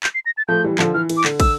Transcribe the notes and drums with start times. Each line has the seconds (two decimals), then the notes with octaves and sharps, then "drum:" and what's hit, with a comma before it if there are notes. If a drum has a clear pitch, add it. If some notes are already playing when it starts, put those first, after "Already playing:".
0.04 G6, drum: clap
0.14 C7
0.26 A#6
0.37 A6
0.48 F3 A3 G6
0.64 E3 G3
0.79 D3 F3, drum: clap
0.94 E3 F6
1.09 E3, drum: cymbal
1.17 D6
1.24 D3, drum: clap
1.40 E6, drum: kick, cymbal